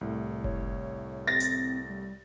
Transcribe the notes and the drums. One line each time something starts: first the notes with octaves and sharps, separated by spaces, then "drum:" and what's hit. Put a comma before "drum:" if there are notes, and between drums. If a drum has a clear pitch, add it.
C2 A2
C#5, drum: kick F#1
C4 A6 A#6
drum: hi-hat
G3